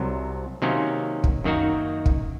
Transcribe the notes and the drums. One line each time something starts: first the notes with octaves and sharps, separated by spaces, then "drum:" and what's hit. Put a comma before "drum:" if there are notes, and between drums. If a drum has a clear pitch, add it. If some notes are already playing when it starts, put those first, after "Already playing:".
Already playing: C2 C3 F#3
C3 D#3 F#3 A#3 C#4
drum: kick
F#2 D#3 A#3 D#4 F#4
drum: kick